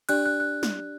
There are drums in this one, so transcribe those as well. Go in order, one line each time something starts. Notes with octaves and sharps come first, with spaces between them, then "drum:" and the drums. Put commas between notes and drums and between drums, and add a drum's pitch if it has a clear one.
D4 G4 D5 F#6, drum: cymbal
F#6
F#6
drum: snare